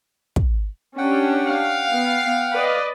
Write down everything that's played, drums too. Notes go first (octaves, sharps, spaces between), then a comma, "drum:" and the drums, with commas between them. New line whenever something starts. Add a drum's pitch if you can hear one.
drum: kick
C#4 D4 G4 F#5 G5
F5
B3
B4 D5 D#5